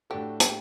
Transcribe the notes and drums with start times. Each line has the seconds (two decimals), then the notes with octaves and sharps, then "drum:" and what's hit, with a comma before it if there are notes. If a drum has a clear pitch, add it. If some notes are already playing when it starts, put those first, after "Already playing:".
0.10 A2 A3 D4 F#4 G4 A4
0.40 G4, drum: hi-hat